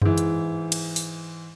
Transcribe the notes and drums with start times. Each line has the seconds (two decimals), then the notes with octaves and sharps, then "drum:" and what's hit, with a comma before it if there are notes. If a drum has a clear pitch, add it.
0.02 G#2 E3, drum: tom F#2
0.18 drum: hi-hat
0.72 drum: cymbal
0.96 drum: open hi-hat